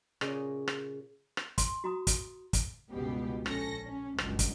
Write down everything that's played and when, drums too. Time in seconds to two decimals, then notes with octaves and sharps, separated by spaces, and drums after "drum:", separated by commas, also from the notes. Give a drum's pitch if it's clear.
0.21 A#2 C#3 D#5 G#5, drum: rim click
0.68 drum: rim click
1.37 drum: rim click
1.58 C6, drum: kick, hi-hat
1.84 F#4 A#5 D#6
2.07 drum: kick, hi-hat
2.53 drum: kick, hi-hat
2.91 G1 C#2 B2 B3 G4
3.46 A#1 C#4 A4 A#6 C#7, drum: rim click
3.84 C#4
4.18 G1 C#2 F#2 F#3, drum: rim click
4.39 drum: kick, hi-hat